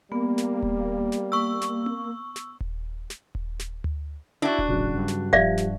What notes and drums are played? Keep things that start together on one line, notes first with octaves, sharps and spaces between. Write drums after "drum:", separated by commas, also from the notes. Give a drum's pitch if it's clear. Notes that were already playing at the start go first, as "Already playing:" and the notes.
G3 A#3 B3
drum: snare
drum: kick D#1
drum: snare
C#6 E6
drum: snare
drum: tom C4
drum: snare
drum: kick D#1
drum: snare
drum: kick D#1
drum: snare
drum: tom D2
D4 E4 F#4
drum: kick D#1
A1 C#3 F#3
G2
drum: snare
F3 G3 D5 E5 F5, drum: kick D#1
drum: snare